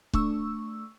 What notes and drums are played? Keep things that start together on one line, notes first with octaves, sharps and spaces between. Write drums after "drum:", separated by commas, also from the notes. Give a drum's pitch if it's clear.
A3 D4 C#6 E6, drum: kick C#1